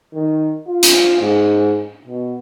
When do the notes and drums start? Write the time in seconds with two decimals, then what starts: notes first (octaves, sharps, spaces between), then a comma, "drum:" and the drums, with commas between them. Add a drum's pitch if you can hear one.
0.14 D#3
0.67 F4
0.83 drum: hi-hat
1.21 G#2
2.06 B2